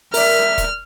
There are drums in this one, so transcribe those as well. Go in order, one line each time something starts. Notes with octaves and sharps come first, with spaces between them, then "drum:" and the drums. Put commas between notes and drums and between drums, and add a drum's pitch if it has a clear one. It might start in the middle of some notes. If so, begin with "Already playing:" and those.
A#4 D5 E5 F6, drum: open hi-hat
drum: kick E1, hi-hat